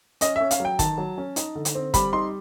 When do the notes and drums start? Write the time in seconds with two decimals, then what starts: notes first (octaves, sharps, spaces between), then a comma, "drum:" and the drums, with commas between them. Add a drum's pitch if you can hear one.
0.21 C#4 D#5, drum: hi-hat
0.36 C#4 E5
0.51 F5, drum: hi-hat
0.60 F#3 G5
0.79 D#3 A5, drum: kick, hi-hat
0.98 F#3
1.18 C#4
1.36 D#4, drum: hi-hat
1.55 D3
1.65 drum: hi-hat
1.75 C4
1.94 G3 B5, drum: kick, hi-hat
2.13 D#4 C6